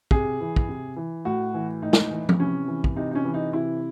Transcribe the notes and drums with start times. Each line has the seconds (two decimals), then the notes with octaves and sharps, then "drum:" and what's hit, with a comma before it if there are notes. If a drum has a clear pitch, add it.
0.11 C3 G#4, drum: kick
0.41 E3
0.56 drum: kick
0.69 C3
0.96 E3
1.25 A2 F#4
1.54 E3
1.82 A2 D#4
1.93 drum: snare
2.11 E3
2.29 drum: tom F3
2.39 C3 C#4
2.68 E3
2.84 drum: kick
2.96 C3 D#4
3.11 D#4
3.15 C#4
3.25 E3
3.34 D#4
3.53 C3 E4